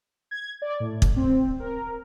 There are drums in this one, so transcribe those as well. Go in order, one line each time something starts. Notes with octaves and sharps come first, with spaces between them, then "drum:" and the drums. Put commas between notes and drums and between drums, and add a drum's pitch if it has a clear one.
G#6
D5
A2
drum: kick
C4
A#4